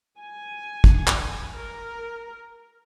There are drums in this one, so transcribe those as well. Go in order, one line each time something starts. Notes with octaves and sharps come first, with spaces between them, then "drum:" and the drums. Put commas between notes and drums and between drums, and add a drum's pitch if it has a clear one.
G#5
drum: kick
drum: clap
A#4